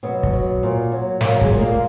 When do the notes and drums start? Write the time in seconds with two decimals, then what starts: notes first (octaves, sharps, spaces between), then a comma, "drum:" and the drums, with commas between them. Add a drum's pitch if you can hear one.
0.03 B2 F#3 B3
0.23 drum: kick
0.33 F#3
0.63 A#2
0.92 F#3
1.21 F#3 A#3, drum: snare
1.41 G#3, drum: kick
1.51 A#2
1.60 A#3
1.71 A#3